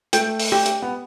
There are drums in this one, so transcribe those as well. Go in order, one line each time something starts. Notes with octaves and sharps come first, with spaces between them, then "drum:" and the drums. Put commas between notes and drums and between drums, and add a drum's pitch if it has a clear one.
A3 G5, drum: hi-hat
drum: open hi-hat
G4
drum: hi-hat
B3